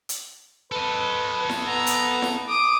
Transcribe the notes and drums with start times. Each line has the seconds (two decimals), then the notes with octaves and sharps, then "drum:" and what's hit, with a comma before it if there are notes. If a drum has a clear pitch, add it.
0.09 drum: hi-hat
0.72 A4 B4 D#5
1.49 drum: snare E4
1.67 B3 A#5
1.87 drum: hi-hat
2.22 drum: snare E4
2.48 D6 D#6